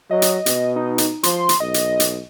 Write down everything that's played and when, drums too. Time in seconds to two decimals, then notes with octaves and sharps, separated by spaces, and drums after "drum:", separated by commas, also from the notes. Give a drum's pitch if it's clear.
0.11 F#3 D#5
0.22 drum: hi-hat
0.46 B2, drum: hi-hat
0.76 D#4
0.98 drum: hi-hat
1.23 F3 C6, drum: hi-hat
1.49 drum: hi-hat
1.60 B1 D#5
1.74 drum: hi-hat
2.00 drum: hi-hat